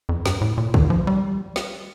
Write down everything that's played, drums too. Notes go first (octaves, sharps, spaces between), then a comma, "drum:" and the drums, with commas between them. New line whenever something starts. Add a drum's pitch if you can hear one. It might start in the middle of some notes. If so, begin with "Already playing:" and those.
F2
G2, drum: snare
A2
A#2
D#3, drum: kick
F3
G3
drum: snare